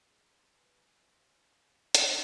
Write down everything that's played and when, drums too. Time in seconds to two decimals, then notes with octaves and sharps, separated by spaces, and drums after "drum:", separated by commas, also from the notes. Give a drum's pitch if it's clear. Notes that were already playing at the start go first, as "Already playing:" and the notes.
0.10 G#4 A6
0.21 C6
0.34 C6
0.45 A5
0.56 B4 G#5
0.68 G#5
0.74 F5
0.80 G#5
0.91 F5
1.02 C5 E5
1.14 F5
1.25 G#5
1.37 A5
1.48 G#5
1.60 F5
1.72 F5
1.95 B4 F5, drum: hi-hat